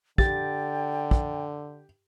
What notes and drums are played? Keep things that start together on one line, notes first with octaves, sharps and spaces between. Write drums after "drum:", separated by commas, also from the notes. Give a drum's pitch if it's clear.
D3 G4 G5 A6, drum: kick
drum: kick